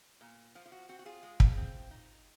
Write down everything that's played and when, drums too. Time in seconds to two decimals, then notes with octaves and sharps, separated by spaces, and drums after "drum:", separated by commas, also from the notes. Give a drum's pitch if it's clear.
0.21 A#2
0.55 F3 F4
0.66 F4
0.72 F#4
0.89 C4 F#4
0.99 F#4
1.06 F4 G#4
1.23 G#3
1.40 drum: kick
1.57 C4
1.91 D#4